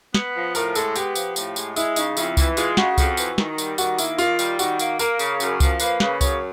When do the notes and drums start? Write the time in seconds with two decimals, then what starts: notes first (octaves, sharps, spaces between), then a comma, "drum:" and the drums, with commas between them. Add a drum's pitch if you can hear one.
0.14 B3, drum: snare
0.35 F3
0.55 A2 A#4, drum: tambourine
0.75 G#3 A4, drum: tambourine
0.96 B3 G4, drum: tambourine
1.15 F3, drum: tambourine
1.36 A2, drum: tambourine
1.56 G#3, drum: tambourine
1.76 G#3 E4, drum: tambourine
1.96 C#3 D#4, drum: tambourine
2.17 F2 E4, drum: tambourine
2.37 E3, drum: kick C2, tambourine
2.57 G#3 F4, drum: tambourine
2.77 C#3 F#4, drum: snare
2.98 F2, drum: kick C2, tambourine
3.17 E3, drum: tambourine
3.38 D#3, drum: snare
3.58 G3, drum: tambourine
3.78 D#3 F#4, drum: tambourine
3.98 A#3 E4, drum: tambourine
4.18 D#3 F4, drum: tambourine
4.39 G3, drum: tambourine
4.59 D#3 F#4, drum: tambourine
4.79 A#3, drum: tambourine
4.99 A#3 A#4, drum: tambourine
5.19 C#3, drum: tambourine
5.40 F#2, drum: tambourine
5.60 F3, drum: kick C2, tambourine
5.80 A#3 B4, drum: tambourine
6.00 C#3 B4, drum: snare
6.21 F#2 C#5, drum: kick C2, tambourine